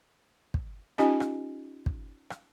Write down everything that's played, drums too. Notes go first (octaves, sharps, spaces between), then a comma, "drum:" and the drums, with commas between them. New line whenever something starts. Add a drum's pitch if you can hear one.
drum: kick
C#4 D#4 F4 G4 D#5 G#5, drum: rim click
drum: rim click
drum: kick
drum: rim click